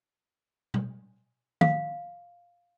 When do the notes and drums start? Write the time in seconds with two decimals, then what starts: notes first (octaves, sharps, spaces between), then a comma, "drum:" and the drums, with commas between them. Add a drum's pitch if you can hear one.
0.74 drum: tom B2
1.61 F5, drum: tom